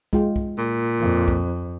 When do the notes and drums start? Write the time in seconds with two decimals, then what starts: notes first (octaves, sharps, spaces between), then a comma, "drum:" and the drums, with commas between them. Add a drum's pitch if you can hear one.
0.13 G#3 F4 G5, drum: kick C2
0.36 drum: kick C2
0.58 A#2
0.99 F2
1.28 drum: kick C2